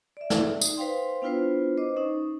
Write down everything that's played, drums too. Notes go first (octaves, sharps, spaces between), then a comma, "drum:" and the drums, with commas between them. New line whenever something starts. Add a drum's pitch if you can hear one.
D5 E5
drum: snare
D#4, drum: tambourine
B4 C5 F5 G5 C6
B3 D4 E4 F4 B4 C5
C5 D#5 D6
C#4 D#4